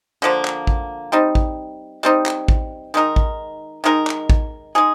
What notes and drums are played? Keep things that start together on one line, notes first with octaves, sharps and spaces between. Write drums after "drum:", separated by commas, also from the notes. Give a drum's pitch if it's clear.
D3 F3 A#3
drum: clap
drum: kick
G3 C4 D#4
drum: kick
G3 C4 D#4
drum: clap
drum: kick
D#3 G#3 D#4 A#4
drum: kick
D#3 G#3 D#4 A#4
drum: clap
drum: kick
G#3 D#4 G#4